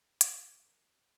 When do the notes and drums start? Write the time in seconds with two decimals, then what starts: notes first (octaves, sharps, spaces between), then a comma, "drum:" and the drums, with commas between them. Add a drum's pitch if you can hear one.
0.21 G#4, drum: hi-hat
0.65 A#4